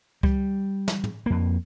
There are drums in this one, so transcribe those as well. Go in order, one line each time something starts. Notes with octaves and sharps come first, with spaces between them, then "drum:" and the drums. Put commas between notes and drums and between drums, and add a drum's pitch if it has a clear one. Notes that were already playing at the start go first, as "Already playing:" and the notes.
G3, drum: kick C#2
drum: snare
drum: tom A2
F2 A#3